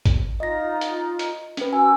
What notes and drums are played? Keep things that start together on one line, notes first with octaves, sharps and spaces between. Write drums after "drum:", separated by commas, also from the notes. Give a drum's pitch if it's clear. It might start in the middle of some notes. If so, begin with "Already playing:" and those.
drum: kick, hi-hat
D#4 F4 D#5 A#5 A#6
drum: hi-hat
drum: hi-hat
C#4 B4, drum: hi-hat
F#4 A#4 G#5 E6